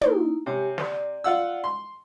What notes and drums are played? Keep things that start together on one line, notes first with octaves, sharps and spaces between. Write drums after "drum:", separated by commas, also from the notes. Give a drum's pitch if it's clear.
A#3 D#4 E4, drum: tom
C3 G4 C#5 G#5
D5, drum: snare
F4 F#5 E6
C6